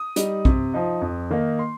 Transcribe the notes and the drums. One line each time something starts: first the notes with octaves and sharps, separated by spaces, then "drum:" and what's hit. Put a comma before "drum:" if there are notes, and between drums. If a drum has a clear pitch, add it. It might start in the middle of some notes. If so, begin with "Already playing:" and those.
Already playing: D#6
G3 D#4, drum: hi-hat
C3, drum: kick A#1
F3 D#4
F2
D#3 A#3 D#4
C6